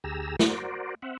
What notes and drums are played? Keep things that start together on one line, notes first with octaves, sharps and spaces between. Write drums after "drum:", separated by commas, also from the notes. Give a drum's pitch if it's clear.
D2 G4 G#4 A#5 E6
F#4 A#4 C5 D5, drum: snare
C4 E5 F#5